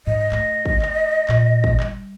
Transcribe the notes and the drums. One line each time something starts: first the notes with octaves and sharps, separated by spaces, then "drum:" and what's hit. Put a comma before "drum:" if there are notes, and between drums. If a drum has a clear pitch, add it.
G#2 D#5
A3, drum: clap
drum: kick
drum: clap
A#2, drum: clap
drum: kick
G3, drum: clap